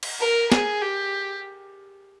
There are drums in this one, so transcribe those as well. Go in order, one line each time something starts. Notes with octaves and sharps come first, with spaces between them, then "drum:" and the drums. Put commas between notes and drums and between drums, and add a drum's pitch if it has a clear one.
drum: cymbal
A#4
G#4, drum: snare
G4